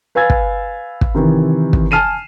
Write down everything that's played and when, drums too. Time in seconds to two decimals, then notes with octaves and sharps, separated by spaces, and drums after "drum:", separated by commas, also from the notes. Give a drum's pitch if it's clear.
0.15 B4 F5 G#5 E6 G#6 A6
0.30 drum: kick
1.01 drum: kick
1.15 C3 D#3 E3
1.73 drum: kick
1.91 G#5 A5 F6 C7 D#7 E7